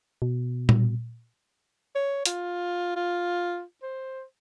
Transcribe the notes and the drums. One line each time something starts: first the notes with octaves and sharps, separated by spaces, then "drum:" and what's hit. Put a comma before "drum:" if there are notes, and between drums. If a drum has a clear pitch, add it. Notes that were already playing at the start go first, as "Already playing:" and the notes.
B2
drum: tom A#2
C#5
F4, drum: hi-hat
F4
C5